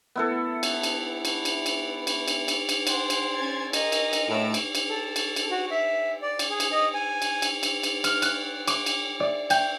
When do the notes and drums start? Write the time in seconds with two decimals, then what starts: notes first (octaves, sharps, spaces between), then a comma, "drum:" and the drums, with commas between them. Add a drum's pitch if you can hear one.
0.16 B3 E4 A4
0.63 drum: cymbal
0.83 drum: cymbal
1.25 drum: cymbal
1.45 drum: cymbal
1.66 drum: cymbal
2.07 drum: cymbal
2.28 drum: cymbal
2.48 drum: cymbal
2.69 drum: cymbal
2.87 C5 F#5 G5, drum: cymbal
3.10 drum: cymbal
3.36 C#4 G#6 A6
3.73 A#4 D#5, drum: cymbal
3.92 drum: cymbal
4.13 drum: cymbal
4.29 A2 E6 D7
4.54 drum: cymbal
4.75 drum: cymbal
4.89 A4
5.16 drum: cymbal
5.36 drum: cymbal
5.51 F#4
5.71 E5
6.22 D5
6.39 drum: cymbal
6.50 G#4
6.60 drum: cymbal
6.72 D#5
6.94 G#5
7.22 drum: cymbal
7.42 drum: cymbal
7.63 drum: cymbal
7.83 drum: cymbal
8.04 F6, drum: cymbal
8.22 F#6, drum: cymbal
8.68 D6, drum: cymbal
8.86 drum: cymbal
9.20 D5
9.50 G5, drum: cymbal